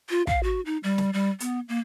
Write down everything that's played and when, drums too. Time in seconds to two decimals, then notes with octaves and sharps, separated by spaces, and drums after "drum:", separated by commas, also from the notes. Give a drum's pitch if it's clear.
0.10 F4
0.27 F5, drum: kick
0.43 F#4
0.66 D#4
0.83 G3
0.98 drum: snare
1.13 G3
1.40 B3, drum: hi-hat
1.69 A#3